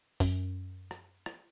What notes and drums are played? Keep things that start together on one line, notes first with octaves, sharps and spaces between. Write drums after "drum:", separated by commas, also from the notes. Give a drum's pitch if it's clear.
F#2, drum: kick, open hi-hat
drum: rim click
drum: rim click